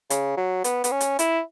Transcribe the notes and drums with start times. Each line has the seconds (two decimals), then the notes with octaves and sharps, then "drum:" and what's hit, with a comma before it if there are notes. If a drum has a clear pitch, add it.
0.10 C#3, drum: hi-hat
0.37 F#3
0.64 B3, drum: hi-hat
0.84 B3, drum: hi-hat
0.91 C#4
1.00 drum: hi-hat
1.19 E4, drum: hi-hat